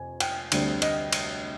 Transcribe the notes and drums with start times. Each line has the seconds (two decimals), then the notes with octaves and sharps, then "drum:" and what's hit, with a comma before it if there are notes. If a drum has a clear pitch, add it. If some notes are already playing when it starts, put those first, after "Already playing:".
Already playing: F2 C3 G#5
0.20 G5, drum: cymbal
0.52 D2 D3 G3 C4, drum: cymbal
0.82 D#5, drum: cymbal
1.13 drum: cymbal